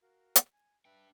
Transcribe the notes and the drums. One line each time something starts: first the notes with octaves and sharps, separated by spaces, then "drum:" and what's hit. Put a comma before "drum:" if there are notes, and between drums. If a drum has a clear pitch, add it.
F#4 A#4 F5
drum: hi-hat
G#5
D4 B4 E5 G5